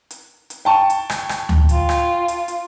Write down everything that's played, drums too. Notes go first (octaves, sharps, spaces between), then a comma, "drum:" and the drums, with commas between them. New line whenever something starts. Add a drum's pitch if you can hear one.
drum: hi-hat
drum: hi-hat
G5 A5 C#6
drum: hi-hat
drum: rim click
drum: rim click
drum: tom D2
F4, drum: hi-hat
drum: rim click
drum: hi-hat
drum: hi-hat